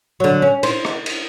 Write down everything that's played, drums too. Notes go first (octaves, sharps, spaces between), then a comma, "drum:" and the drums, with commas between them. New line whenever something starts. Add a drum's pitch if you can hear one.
D3 F#3
C#4
C5, drum: cymbal
drum: rim click
drum: cymbal